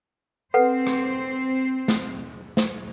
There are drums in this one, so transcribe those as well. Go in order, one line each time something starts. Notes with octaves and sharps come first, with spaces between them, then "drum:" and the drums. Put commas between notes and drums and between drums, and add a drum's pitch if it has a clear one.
C4 A4 B4 C5 F#5
drum: rim click
drum: snare
drum: snare